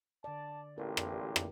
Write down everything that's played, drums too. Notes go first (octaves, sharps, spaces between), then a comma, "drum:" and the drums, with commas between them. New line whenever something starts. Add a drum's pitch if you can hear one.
D3 D5 A5
A1 E2 A#2 G4 A#4
drum: rim click
drum: rim click